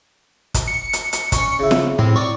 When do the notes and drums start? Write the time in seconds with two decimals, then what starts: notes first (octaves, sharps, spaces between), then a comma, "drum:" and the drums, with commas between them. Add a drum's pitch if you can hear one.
0.54 drum: kick, hi-hat
0.67 C#7
0.93 drum: hi-hat
1.13 drum: hi-hat
1.32 C#4 C#5, drum: kick, hi-hat
1.59 C#3 E4
1.71 drum: snare
1.99 A2 C4
2.16 C#5 D5 A#5 C#6